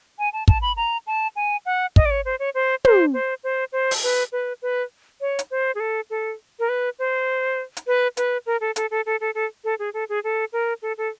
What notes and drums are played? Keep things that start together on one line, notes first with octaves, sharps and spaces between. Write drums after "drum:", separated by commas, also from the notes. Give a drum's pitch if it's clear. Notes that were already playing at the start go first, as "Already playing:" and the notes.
G#5
A5
A5, drum: kick
B5
A#5
A5
G#5
F#5
D#5, drum: kick
D5
C#5
C5
C#5
C5
C5, drum: tom
C5
C5
C5
drum: open hi-hat
B4
B4
B4
C#5
drum: hi-hat
C5
G#4
A4
A4
A#4
B4
C5
drum: hi-hat
B4
B4, drum: hi-hat
A#4
A4
A4, drum: hi-hat
A4
A4
A4
A4
A4
G#4
A4
G#4
A4
A#4
A4
A4